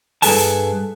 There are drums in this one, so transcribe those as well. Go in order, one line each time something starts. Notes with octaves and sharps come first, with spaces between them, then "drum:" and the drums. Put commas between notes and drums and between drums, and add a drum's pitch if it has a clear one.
G2 G#4 A4 B4 G#5 A5, drum: open hi-hat
drum: hi-hat